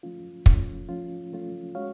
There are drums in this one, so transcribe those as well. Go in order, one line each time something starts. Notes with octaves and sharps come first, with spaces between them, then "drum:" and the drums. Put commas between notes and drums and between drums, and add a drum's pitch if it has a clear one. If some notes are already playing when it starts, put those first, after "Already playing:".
F3 A3 C#4 F4
F3 A3 C#4 F4, drum: kick
F3 A3 C#4 F4
F3 A3 C#4 F4
G#3 C#4 F#4 C#5 F5